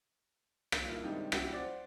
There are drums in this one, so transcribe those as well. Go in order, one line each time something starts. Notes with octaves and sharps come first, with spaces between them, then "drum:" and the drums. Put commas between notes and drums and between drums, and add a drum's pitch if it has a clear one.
drum: rim click
G2 D#3 A#3 E4 F4
C3 D#3 G3 G#3 D4 D#4
G3 C#4 D4 E4 F#4 G4, drum: rim click
C5 D5 F#5 D6 A6